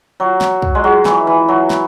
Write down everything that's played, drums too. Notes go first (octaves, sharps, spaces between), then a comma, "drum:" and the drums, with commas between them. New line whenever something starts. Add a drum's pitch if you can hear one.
F#3
drum: snare
drum: kick
G#3
F#3
E3, drum: snare
E3
F#3
drum: snare